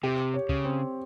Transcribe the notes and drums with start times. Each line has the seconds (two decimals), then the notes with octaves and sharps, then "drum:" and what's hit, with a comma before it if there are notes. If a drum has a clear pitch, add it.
0.03 C3 G4
0.34 C#5
0.49 C#3, drum: kick
0.65 C4